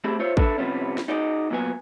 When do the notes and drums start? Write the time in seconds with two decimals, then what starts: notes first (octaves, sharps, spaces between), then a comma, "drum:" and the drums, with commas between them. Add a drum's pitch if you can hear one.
0.04 A3 C4 E4 G4 G#4
0.19 F4 C5 C#5 E5
0.37 D4 A4 B4 E5, drum: kick A1
0.58 C3 E3 F3 G3 B3 C#4
0.98 drum: snare
1.08 D#4 F#4 G#4 D5 D#5
1.51 A#2 F#3 B3 G#5